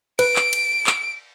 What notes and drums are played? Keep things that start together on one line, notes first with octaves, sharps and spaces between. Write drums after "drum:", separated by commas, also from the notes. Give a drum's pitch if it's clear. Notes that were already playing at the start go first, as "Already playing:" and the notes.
B4 D7, drum: cymbal
drum: clap
drum: cymbal
drum: clap